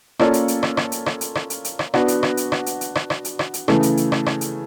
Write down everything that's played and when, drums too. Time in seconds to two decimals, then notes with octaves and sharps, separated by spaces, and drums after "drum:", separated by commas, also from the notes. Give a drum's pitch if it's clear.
0.19 A#3 C#4 F4 A4 D5, drum: rim click
0.34 drum: hi-hat
0.48 drum: hi-hat
0.63 drum: rim click
0.77 drum: rim click
0.92 drum: hi-hat
1.06 drum: rim click
1.21 drum: hi-hat
1.35 drum: rim click
1.50 drum: hi-hat
1.64 drum: hi-hat
1.79 drum: rim click
1.94 B3 D4 F#4 B4, drum: rim click
2.08 drum: hi-hat
2.23 drum: rim click
2.37 drum: hi-hat
2.52 drum: rim click
2.66 drum: hi-hat
2.81 drum: hi-hat
2.95 drum: rim click
3.10 drum: rim click
3.25 drum: hi-hat
3.39 drum: rim click
3.54 drum: hi-hat
3.68 C#3 E3 A3, drum: rim click
3.83 drum: hi-hat
3.97 drum: hi-hat
4.12 drum: rim click
4.26 drum: rim click
4.41 drum: hi-hat